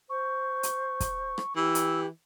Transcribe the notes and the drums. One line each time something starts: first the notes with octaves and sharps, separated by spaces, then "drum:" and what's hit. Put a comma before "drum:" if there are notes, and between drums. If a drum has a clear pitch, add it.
C5 C#6
drum: hi-hat
drum: kick, hi-hat
drum: rim click
E3 G4 E6
drum: hi-hat